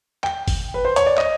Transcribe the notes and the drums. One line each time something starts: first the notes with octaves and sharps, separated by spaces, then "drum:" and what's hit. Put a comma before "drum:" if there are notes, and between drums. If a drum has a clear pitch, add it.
G5, drum: clap
drum: kick G1, open hi-hat
B4
C5
C#5, drum: hi-hat
D5
D#5, drum: clap